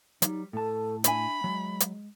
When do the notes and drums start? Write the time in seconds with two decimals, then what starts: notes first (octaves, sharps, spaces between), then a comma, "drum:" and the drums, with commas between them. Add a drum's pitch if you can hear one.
0.22 F#3 G3 D#4, drum: hi-hat
0.53 A2 A4 A5
1.04 D4 E5 G#5 B5, drum: hi-hat
1.44 F#3 G#3
1.80 drum: hi-hat